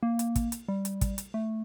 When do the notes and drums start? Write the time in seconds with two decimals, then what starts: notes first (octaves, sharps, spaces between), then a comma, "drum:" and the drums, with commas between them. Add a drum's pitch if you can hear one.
0.03 A#3
0.19 drum: hi-hat
0.36 drum: kick, hi-hat
0.52 drum: hi-hat
0.68 G3
0.85 drum: hi-hat
1.01 drum: kick, hi-hat
1.18 drum: hi-hat
1.34 A3